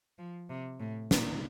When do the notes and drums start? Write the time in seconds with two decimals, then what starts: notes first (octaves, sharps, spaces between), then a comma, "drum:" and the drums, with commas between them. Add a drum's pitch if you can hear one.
0.18 F3
0.49 C3
0.80 A2
1.11 A#2, drum: snare